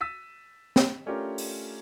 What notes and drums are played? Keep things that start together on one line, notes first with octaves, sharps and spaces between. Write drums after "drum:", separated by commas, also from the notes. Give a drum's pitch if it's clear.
E6 A6 B6 D#7
drum: snare
A3 C#4 D4 F4 G4 A#4
drum: open hi-hat